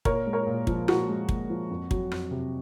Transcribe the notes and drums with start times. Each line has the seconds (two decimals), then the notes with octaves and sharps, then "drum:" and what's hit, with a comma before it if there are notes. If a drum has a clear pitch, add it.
0.05 A#2 A#4 C#5, drum: kick
0.26 G#3
0.33 A#4 C#5
0.47 A#2
0.67 F3, drum: kick
0.88 A#2 F#4, drum: rim click
1.08 G#3
1.29 A#2, drum: kick
1.50 F3
1.70 F2
1.91 F#3, drum: kick
2.11 F2, drum: rim click
2.31 C3